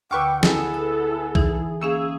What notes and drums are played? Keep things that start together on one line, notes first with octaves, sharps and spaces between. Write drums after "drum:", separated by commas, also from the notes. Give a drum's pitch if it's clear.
D2 D3 B4 G5 C#6 D6 E6
B3 E4 G#4 A4, drum: snare
E6
E3 D#4, drum: kick B1
A#3 C#4 G#4 F5 E6